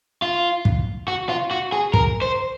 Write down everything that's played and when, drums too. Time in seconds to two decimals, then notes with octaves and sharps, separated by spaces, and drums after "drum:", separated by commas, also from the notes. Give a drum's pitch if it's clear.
0.22 F4
0.65 drum: kick
1.08 F#4
1.29 F4
1.51 F#4
1.72 G#4
1.94 A#4, drum: kick
2.22 C5